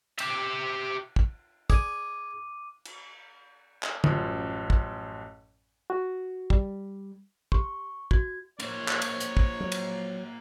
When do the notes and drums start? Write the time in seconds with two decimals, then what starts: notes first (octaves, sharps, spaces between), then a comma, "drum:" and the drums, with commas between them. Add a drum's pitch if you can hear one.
0.19 G4 E5, drum: cymbal
1.16 drum: kick
1.70 G#4 D5 D6 D#7, drum: kick
2.85 drum: cymbal
3.83 drum: clap
4.04 A1 F#2 F3, drum: tom
4.70 drum: kick
5.90 F#4
6.50 G3, drum: kick
7.52 G4 C6 C#6, drum: kick
8.11 F#4 G#6, drum: kick
8.60 A#3 C5 C#5, drum: cymbal
8.88 drum: clap
9.02 drum: cymbal
9.20 drum: hi-hat
9.37 drum: kick
9.60 F#3
9.72 drum: cymbal